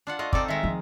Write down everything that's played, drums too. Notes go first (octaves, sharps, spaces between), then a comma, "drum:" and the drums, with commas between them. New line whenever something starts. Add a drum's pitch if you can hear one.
D4 F4 F#5
A3 F4 D#5
C4 D#4 A4 D5, drum: kick
D#3 G#3 E5
F3